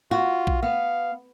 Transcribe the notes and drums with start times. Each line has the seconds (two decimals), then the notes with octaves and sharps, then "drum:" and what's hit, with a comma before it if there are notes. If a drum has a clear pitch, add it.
0.11 F4 F#4
0.47 drum: kick A#1
0.63 B3 F5